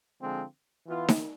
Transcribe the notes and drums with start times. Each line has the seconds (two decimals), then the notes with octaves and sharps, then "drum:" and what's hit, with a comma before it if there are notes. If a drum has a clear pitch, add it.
0.21 D3 F3 G#3 C4
0.86 E3 B3 F4
1.08 drum: snare D#4